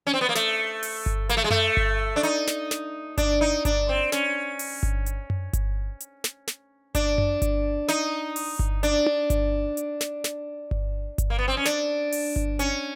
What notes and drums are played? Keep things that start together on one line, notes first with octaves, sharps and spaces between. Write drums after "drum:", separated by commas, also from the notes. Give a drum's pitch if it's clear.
C#4
C4
B3
A#3
A3, drum: snare
drum: open hi-hat
drum: kick G1
A#3, drum: hi-hat
A3
G#3
A3, drum: tom F#2
drum: kick G1
D4
D#4, drum: hi-hat
drum: snare
drum: snare
D4, drum: kick G1, hi-hat
D#4
D4, drum: kick G1, hi-hat
C4
C#4, drum: snare
drum: open hi-hat
drum: kick G1
drum: hi-hat
drum: tom F#2
drum: kick G1, hi-hat
drum: hi-hat
drum: snare
drum: snare
D4, drum: kick G1, hi-hat
drum: tom F#2
drum: kick G1, hi-hat
D#4, drum: snare
drum: open hi-hat
drum: kick G1
D4, drum: hi-hat
drum: tom D4
drum: kick G1, hi-hat
drum: hi-hat
drum: snare
drum: snare
drum: kick G1
drum: kick G1, hi-hat
A#3
B3
C4
C#4
D4, drum: snare
drum: open hi-hat
drum: kick G1
C#4, drum: hi-hat